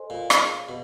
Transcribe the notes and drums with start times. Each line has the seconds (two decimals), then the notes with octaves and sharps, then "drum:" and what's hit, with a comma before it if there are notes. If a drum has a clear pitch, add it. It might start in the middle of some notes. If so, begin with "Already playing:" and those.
Already playing: A4 C5 D#5 G#5 C6
0.10 A#2
0.30 G#4 C#5 F5, drum: rim click
0.69 B2